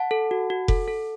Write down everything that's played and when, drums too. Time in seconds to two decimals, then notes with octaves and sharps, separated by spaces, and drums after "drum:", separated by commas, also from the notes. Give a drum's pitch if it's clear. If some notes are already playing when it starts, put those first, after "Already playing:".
Already playing: F#5 A5
0.11 A4
0.31 F#4
0.50 F#4
0.68 A4, drum: kick F1
0.88 A4